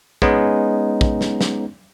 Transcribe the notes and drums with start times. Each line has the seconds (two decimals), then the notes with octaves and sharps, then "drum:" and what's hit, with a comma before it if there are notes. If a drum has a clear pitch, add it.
0.22 G#3 B3 C#4 D#4, drum: kick
1.01 drum: kick
1.21 drum: snare
1.41 drum: snare